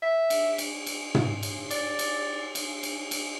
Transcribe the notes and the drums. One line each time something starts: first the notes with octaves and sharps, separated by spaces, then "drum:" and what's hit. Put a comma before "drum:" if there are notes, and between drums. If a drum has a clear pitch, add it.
E5
drum: cymbal
drum: cymbal
drum: cymbal
drum: tom
drum: cymbal
D5, drum: cymbal
drum: cymbal
drum: cymbal
drum: cymbal
drum: cymbal